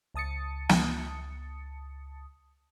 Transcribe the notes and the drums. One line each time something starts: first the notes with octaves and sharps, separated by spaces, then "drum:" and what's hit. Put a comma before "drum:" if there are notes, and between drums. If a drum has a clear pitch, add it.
C#2 A5 D#6 A6 C#7
drum: snare